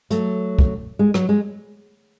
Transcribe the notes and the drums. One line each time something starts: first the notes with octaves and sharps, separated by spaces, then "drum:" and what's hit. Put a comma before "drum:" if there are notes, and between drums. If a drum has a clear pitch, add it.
F#3 A3, drum: hi-hat
drum: kick
G#3
F#3, drum: rim click
G#3